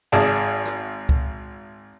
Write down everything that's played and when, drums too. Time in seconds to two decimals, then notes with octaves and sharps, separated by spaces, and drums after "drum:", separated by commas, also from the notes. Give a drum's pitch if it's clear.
0.12 G#1 G#4 D5 G#5 A5
0.65 drum: rim click
1.09 drum: kick C#2